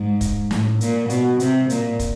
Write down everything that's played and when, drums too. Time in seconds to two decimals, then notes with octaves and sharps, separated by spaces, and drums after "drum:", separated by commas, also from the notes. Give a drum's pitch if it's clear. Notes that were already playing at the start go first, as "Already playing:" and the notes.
Already playing: G#2
0.21 drum: kick, hi-hat
0.51 A2, drum: snare
0.81 A#2, drum: hi-hat
1.10 B2, drum: hi-hat
1.40 C3, drum: hi-hat
1.70 A#2, drum: hi-hat
1.99 drum: kick, hi-hat